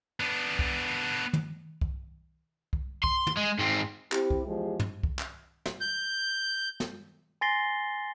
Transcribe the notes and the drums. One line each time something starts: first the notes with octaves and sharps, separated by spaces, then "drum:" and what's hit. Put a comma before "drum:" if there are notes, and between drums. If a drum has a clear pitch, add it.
B3 D4
drum: kick C2
drum: tom
drum: kick C2
drum: kick C2
C6, drum: kick C2
drum: tom
G#3
G#2 C4
C4 E4 G4, drum: clap
drum: kick C2
E2 F3 G#3 G4 G#4
drum: tom
drum: kick C2
drum: clap
drum: snare
G6
drum: snare
G#5 C6 A6 A#6 C7 G7